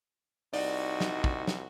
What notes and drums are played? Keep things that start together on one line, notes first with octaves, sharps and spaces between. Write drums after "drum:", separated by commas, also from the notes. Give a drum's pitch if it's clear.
C2 D#4 F#4 D5, drum: open hi-hat
drum: snare
drum: kick
drum: snare